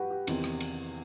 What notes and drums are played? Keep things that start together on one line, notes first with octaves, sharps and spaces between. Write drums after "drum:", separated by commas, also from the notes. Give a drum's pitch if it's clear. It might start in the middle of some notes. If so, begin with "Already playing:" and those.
Already playing: G2 F#4 G4 B4
G4
E2 C3 D#3 G3 C4, drum: cymbal
drum: rim click
drum: cymbal